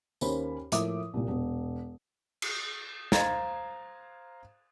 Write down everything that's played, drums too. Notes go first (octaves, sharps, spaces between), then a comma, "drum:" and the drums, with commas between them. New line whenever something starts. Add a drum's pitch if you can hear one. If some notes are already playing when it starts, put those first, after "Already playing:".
D#2 A#3 C#4 C5 B5, drum: tambourine
A2 F3 A#3 E5 D6 D#6, drum: hi-hat
C2 A#2
E1
drum: cymbal
C5 F5 A#5 G#6 A6, drum: snare